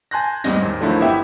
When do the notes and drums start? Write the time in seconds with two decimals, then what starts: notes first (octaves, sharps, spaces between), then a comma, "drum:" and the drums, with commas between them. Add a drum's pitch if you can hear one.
0.11 G#5 A5 C6 F#6 G6 A#6
0.44 E2 G#2 G3 D#5 A#6, drum: snare
0.61 D#2 G#2
0.81 D3 D#3 F3 F#3 A3 E4
1.00 G1 B3 E4 G4 E5 G5